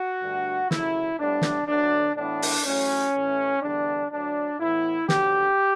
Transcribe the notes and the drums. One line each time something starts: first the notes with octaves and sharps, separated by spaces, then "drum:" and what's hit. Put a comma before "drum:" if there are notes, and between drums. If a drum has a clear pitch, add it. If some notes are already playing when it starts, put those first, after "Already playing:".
Already playing: F#4
G2 D3 A3
C#2 C#3 F#3 A3 E4, drum: snare
A2 G3 B3 D4
drum: snare
D2 D3 F#3 B3 D4
A2 E3 B3 D4
drum: open hi-hat
A1 A2 F#3 C#4
A1 A2 E3 A3
E2 D3 G3 B3 D4
D2 D3 F#3 D4
A2 E3 B3 E4
D2 D3 F#3 B3 G4, drum: snare